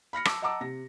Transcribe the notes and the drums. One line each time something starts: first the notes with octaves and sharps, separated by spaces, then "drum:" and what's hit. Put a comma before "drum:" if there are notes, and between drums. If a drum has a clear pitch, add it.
B5 F6 A#6 C#7
A5 D6 E6, drum: rim click
D#5 F#5 A5 A#5 D6 E6
C3 A#6